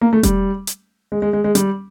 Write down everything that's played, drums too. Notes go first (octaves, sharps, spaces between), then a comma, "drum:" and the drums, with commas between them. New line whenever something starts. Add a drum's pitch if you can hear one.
A#3
A3
G3, drum: kick E1, hi-hat
drum: hi-hat
G#3
G#3
G#3
G#3
G3, drum: hi-hat